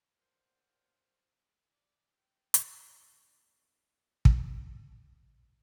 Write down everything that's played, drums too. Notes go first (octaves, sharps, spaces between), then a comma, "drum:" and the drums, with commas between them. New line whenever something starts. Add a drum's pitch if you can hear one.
A#2 C5 F#5 F6
D5
G5
drum: hi-hat
B1 E2 A#2
drum: kick